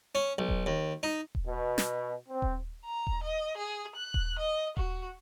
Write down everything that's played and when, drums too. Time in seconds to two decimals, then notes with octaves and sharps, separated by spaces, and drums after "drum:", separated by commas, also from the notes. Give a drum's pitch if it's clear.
0.15 C#4
0.38 B1
0.49 drum: kick D#1
0.66 D#2
1.03 D#4
1.35 drum: kick D#1
1.45 B2
1.78 drum: snare
2.29 C4
2.42 drum: kick D#1
2.85 A#5
3.07 drum: kick D#1
3.23 D#5
3.57 G#4
3.96 F#6
4.14 drum: kick D#1
4.39 D#5
4.77 F#4, drum: kick D#1